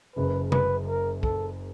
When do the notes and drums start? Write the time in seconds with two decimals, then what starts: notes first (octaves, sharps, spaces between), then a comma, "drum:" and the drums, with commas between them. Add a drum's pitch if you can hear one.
0.16 F#1 F#2 C#3 B4
0.52 B4, drum: tom C3
0.88 A#4
1.23 A4, drum: kick